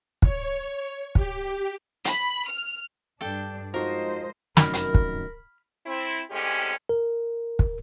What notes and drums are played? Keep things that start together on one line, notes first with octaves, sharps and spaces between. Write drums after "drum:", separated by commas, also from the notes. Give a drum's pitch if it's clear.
C#5, drum: kick
G4, drum: kick
B5, drum: hi-hat
F6
G2 D4 A4 G5
F3 G#3 D#4 F#4 A#4 C5 D#5
F1 F#2 D#3 A#4 B5 F6, drum: snare
drum: hi-hat
drum: kick
C4 E4
A2 D3 G#3 C4 C#4 G4
A#4
drum: kick